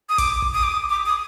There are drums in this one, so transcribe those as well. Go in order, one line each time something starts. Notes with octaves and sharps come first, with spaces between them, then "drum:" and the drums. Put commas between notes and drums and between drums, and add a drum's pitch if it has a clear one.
D#6
D6, drum: kick, hi-hat
drum: kick
D#6
D6
D#6
D6
D#6